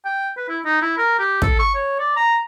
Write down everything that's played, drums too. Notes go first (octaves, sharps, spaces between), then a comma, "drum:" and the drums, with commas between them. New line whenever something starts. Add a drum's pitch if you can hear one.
G5
B4
E4
D#4
E4
A#4
G4
A4, drum: kick
C#6
C#5
D5
A#5